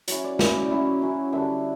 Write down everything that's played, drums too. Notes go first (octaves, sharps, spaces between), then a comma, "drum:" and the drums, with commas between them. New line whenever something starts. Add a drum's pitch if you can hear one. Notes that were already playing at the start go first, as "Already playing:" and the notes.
F#3 C#4 E4 C#5, drum: hi-hat
D5
F#3 C#4 E4 D5, drum: snare
F#3 C#4 E4
F#3 C#4 E4
D3 G3 D4 E5